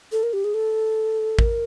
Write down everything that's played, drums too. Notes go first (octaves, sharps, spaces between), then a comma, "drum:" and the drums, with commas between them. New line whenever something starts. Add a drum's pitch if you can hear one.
A4
A#4
G4
G#4
A4
A#4, drum: kick